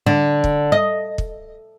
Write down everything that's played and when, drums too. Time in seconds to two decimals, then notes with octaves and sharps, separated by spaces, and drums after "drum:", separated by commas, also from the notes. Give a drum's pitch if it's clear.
0.06 D3
0.44 drum: kick
0.72 D#5
1.18 drum: kick